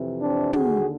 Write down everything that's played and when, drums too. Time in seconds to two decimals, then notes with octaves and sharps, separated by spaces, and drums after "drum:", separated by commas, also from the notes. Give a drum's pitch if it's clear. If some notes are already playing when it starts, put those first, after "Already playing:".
Already playing: F2 C3 E3
0.21 C4 D4
0.53 D#2 D3 F#4 G#4, drum: tom